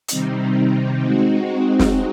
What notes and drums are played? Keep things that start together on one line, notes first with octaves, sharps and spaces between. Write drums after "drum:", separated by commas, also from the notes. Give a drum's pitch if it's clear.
C3 D#3 G3 C4 D#4, drum: hi-hat
G#3 C4 D#4 F#4
drum: snare